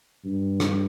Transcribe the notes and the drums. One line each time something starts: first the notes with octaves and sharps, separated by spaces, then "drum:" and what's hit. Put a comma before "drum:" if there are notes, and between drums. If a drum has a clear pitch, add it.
G2
drum: rim click